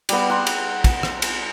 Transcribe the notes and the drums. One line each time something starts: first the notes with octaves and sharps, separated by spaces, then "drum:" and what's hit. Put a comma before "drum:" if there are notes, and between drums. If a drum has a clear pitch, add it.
G3 B3, drum: cymbal
F#5 C6
drum: cymbal
drum: kick, cymbal
drum: rim click
drum: cymbal